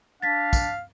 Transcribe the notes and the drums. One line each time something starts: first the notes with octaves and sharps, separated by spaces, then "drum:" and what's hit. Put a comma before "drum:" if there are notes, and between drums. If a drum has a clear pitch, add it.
D4 F5 A6 B6
drum: kick, tambourine